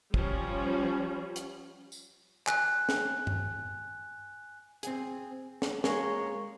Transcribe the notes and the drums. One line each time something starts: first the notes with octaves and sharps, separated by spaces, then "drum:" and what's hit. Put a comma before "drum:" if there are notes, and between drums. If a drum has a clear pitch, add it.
F3 G3 C#4, drum: kick
drum: hi-hat
drum: tambourine
G#5 F#6, drum: clap
drum: snare
drum: tom G2
C4 G#4, drum: hi-hat
drum: snare
G#3 A#3 C#5, drum: snare